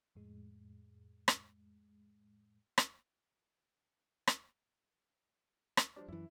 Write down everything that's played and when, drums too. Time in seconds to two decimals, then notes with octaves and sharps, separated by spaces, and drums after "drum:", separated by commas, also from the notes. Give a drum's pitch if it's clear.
0.15 F2 A2 G#3
1.28 drum: rim click
2.78 drum: rim click
4.27 drum: rim click
5.77 drum: rim click
5.96 F3 G3 D4
6.08 F#2 E3 E4